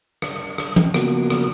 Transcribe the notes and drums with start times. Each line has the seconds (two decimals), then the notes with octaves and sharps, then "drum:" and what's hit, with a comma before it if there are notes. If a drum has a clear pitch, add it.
0.22 drum: rim click
0.58 drum: rim click
0.76 drum: tom E3
0.94 C#3 F3 A#3 B3 F#4, drum: rim click
1.30 drum: rim click